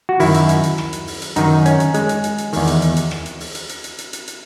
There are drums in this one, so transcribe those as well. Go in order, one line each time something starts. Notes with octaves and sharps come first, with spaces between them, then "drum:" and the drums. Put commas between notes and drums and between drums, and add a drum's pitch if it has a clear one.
F#4
F#2 D#3 E4, drum: open hi-hat
drum: hi-hat
drum: hi-hat
drum: hi-hat
drum: rim click
drum: hi-hat
drum: open hi-hat
drum: hi-hat
F#2 D#3 D#4, drum: hi-hat
C#4, drum: hi-hat
drum: hi-hat
G#3, drum: hi-hat
drum: hi-hat
drum: hi-hat
drum: hi-hat
E2 D#3, drum: open hi-hat
drum: hi-hat
drum: hi-hat
drum: hi-hat
drum: rim click
drum: hi-hat
drum: open hi-hat
drum: hi-hat
drum: hi-hat
drum: hi-hat
drum: hi-hat
drum: hi-hat
drum: hi-hat